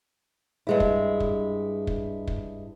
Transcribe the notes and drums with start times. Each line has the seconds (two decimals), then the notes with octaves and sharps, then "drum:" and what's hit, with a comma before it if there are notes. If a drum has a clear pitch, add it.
0.67 G2 G#3 E4
0.80 drum: kick
1.20 drum: kick
1.87 drum: kick
2.27 drum: kick